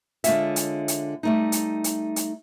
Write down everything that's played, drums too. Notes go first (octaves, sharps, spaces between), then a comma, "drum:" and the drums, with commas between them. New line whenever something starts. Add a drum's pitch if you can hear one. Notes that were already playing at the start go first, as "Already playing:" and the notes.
D3 G#3 F4 C#5 E5, drum: hi-hat
drum: hi-hat
drum: hi-hat
G3 A3 D#4
drum: hi-hat
drum: hi-hat
drum: hi-hat